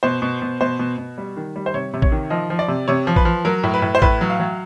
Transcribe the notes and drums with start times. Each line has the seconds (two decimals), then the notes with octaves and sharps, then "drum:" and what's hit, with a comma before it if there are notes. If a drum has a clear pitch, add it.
0.03 B2 C5
0.22 B2
0.42 B2
0.61 B2 C5
0.79 B2
0.98 B2
1.18 G3
1.37 D#3
1.56 G3
1.66 C5
1.74 C3 C#5
1.94 C3
2.02 C#5, drum: kick A1
2.12 D#3
2.30 F3 D#5
2.50 F3
2.59 D5
2.68 C3
2.88 C3 C#5
3.07 F3
3.16 B4, drum: kick A1
3.25 F3
3.45 F#3 A#4
3.64 A2
3.74 B4
3.82 A2
3.95 C5
4.02 A2 B4, drum: kick A1
4.21 F#3
4.30 F5
4.40 F#3